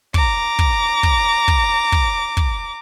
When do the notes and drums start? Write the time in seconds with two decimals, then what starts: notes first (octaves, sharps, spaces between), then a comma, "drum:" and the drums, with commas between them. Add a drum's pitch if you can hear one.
0.14 A#5 D6, drum: kick
0.59 drum: kick
1.03 drum: kick
1.48 drum: kick
1.92 drum: kick
2.37 drum: kick